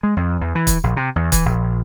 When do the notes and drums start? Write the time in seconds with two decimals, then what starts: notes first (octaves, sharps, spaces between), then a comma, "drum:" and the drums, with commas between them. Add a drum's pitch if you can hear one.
0.03 G#3
0.17 F2
0.41 E2
0.55 E3
0.67 drum: kick, hi-hat
0.84 A#1
0.97 C3
1.16 E2
1.32 E3, drum: kick, hi-hat
1.46 A#1